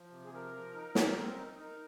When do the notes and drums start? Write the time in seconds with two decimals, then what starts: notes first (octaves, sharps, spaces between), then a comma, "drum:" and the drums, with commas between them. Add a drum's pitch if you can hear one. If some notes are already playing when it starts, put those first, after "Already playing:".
Already playing: F3
0.11 C3
0.24 G#4
0.32 F3 A#4
0.53 F3
0.74 D#4
0.95 D#4, drum: snare
1.17 C4
1.38 D#4
1.59 D#4 A#4